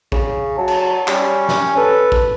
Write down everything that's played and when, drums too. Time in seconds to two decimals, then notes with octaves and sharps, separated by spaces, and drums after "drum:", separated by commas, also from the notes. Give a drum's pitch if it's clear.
0.12 C#3, drum: kick
0.58 F#3 A5
0.68 drum: cymbal
1.08 G3 C#4, drum: clap
1.49 drum: snare
1.77 A4 B4
2.12 drum: kick